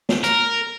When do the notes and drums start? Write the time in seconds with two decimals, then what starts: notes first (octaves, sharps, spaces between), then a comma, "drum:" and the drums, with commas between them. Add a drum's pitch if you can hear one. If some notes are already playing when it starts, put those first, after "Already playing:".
0.09 drum: snare
0.24 A#4, drum: hi-hat